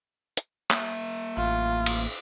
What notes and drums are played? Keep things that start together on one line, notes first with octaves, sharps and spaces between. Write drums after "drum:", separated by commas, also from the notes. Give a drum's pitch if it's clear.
drum: hi-hat
A#3 E5, drum: clap
A1 F4
drum: cymbal